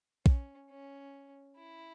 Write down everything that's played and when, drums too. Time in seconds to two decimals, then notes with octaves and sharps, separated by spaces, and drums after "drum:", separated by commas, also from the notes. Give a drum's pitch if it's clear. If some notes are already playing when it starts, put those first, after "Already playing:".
0.26 C#4, drum: kick
0.70 C#4
1.57 E4